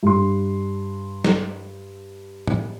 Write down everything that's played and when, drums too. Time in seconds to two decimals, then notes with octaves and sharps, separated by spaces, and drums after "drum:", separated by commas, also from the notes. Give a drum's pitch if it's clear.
0.03 G2 C6
1.24 drum: snare F#3
2.48 drum: tom